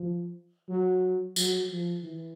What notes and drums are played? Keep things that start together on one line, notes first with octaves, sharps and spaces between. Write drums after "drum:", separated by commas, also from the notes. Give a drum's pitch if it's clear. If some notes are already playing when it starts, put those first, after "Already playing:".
Already playing: F3
F#3
F#3, drum: tambourine
F3
E3